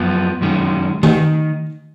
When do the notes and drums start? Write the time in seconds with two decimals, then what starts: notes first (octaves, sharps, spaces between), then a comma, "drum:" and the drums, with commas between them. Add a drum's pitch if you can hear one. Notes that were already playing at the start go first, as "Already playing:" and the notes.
Already playing: F#2 F3 B3
0.41 F#2 D#3 G#3 C#4
1.03 D#3, drum: tom D#3